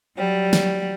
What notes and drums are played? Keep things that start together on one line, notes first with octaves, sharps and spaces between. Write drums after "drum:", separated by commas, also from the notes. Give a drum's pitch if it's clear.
F#3 G3
drum: snare